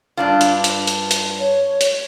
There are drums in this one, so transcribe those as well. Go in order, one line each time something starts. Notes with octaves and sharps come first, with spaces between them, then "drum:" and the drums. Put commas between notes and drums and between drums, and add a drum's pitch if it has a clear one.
G2 D4 F4
drum: hi-hat
drum: hi-hat
drum: hi-hat
drum: hi-hat
C#5
drum: hi-hat